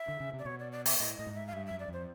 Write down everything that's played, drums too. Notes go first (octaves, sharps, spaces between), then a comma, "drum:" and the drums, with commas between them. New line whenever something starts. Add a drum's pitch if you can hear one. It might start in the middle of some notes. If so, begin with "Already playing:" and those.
Already playing: E5
D3
C#3
C3
D5
B2 C#5
D5
D5
E5, drum: open hi-hat
A2 D#5
A2 D#5
G#2
E5
F5
G2 E5
E5
F#2
D5
F2 C5